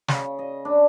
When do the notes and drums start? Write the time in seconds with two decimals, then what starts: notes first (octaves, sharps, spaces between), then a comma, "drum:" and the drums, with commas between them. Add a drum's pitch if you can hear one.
0.08 C#3, drum: snare
0.39 D#5
0.65 D4